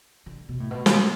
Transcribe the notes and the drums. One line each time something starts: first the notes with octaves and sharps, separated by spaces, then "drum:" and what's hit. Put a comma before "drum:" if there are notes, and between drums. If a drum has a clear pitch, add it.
D3
B2
A2
B2
drum: snare